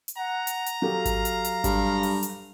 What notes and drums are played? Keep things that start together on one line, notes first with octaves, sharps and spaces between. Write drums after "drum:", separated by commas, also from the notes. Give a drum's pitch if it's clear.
drum: hi-hat
F#5 A#5
drum: hi-hat
drum: hi-hat
F#3 G4 A4 F5
drum: kick G#1, hi-hat
drum: hi-hat
drum: hi-hat
G2, drum: kick G#1, hi-hat
drum: open hi-hat
drum: hi-hat